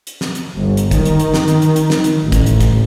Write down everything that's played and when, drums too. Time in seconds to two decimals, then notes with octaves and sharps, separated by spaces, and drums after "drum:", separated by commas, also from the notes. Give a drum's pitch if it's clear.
0.07 drum: hi-hat
0.21 drum: snare
0.35 drum: hi-hat
0.56 G1
0.77 drum: hi-hat
0.91 D#3, drum: kick, hi-hat
1.05 drum: hi-hat
1.20 drum: hi-hat
1.34 drum: snare
1.48 drum: hi-hat
1.62 drum: hi-hat
1.76 drum: hi-hat
1.90 drum: snare
2.04 drum: hi-hat
2.21 A1
2.32 drum: kick, hi-hat
2.46 drum: hi-hat
2.60 drum: kick, hi-hat